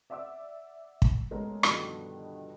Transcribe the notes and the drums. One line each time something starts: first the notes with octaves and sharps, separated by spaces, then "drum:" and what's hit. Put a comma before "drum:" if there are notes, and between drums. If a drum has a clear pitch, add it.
D5 E5 F#5 D6 E6
drum: kick
G#3 A3 B3 C#4 A#4
G2 B2 D3 D#3 F3, drum: rim click